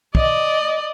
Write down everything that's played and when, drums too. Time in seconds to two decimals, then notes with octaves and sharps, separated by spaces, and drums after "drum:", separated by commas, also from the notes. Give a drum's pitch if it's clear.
0.15 D5 D#5, drum: kick